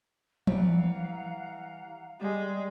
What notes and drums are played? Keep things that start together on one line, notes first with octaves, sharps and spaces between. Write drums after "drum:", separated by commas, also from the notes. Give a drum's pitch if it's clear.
E3 G3 F5 F#5 A#5, drum: tom E3
G3 G#3